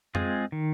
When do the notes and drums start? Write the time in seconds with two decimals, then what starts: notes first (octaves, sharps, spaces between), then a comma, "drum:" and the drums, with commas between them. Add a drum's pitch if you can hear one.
0.15 G#3 C4 F4 G#4, drum: tom F2
0.52 D#3